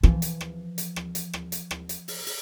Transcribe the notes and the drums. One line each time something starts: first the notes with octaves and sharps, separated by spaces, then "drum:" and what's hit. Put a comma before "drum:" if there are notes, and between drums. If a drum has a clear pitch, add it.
E3 F3, drum: rim click
drum: hi-hat
drum: rim click
drum: hi-hat
drum: rim click
drum: hi-hat
drum: rim click
drum: hi-hat
drum: rim click
drum: hi-hat
drum: open hi-hat
drum: open hi-hat